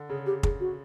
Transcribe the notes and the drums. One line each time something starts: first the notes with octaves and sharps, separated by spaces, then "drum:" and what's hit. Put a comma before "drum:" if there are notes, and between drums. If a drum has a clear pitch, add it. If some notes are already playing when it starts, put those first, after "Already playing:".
Already playing: D3
C#3 G#4
G4
G#4, drum: kick
F#4